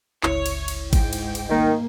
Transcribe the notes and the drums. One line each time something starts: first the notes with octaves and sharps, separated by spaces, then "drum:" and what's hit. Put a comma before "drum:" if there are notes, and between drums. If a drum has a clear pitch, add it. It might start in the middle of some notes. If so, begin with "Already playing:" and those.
G1 C#2 E4 C#5, drum: clap
drum: cymbal
drum: cymbal
G#2 G5, drum: kick G#1, cymbal
drum: cymbal
drum: cymbal
D#3 A#3